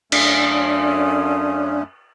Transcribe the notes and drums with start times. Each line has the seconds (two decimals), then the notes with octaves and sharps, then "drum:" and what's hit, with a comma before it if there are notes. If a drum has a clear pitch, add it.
0.12 F#2 A3 C#4 D4 F5 C6 D#6, drum: cymbal